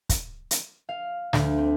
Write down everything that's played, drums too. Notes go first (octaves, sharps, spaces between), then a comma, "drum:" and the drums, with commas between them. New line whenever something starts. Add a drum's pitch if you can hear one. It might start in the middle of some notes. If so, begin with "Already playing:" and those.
drum: kick, hi-hat
drum: hi-hat
F5
D2, drum: snare
C4